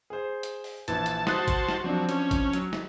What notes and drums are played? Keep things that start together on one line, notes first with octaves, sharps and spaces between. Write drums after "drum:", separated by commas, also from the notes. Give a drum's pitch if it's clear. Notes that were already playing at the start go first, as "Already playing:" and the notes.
G#4 C5
drum: hi-hat
drum: open hi-hat
A#1 E3 A5, drum: hi-hat
drum: hi-hat
F#4 C5 A5 D#6 F#6 A6, drum: snare
drum: kick A1, hi-hat
drum: snare
F3 F#3 C4 D4
C#4, drum: hi-hat
drum: kick A1, hi-hat
F#3, drum: hi-hat
drum: snare